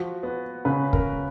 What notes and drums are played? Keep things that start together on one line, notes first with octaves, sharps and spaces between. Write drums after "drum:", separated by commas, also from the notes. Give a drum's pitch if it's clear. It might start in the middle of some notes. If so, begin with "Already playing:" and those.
Already playing: F3 F#4
B3
C#3 B4
A#4, drum: kick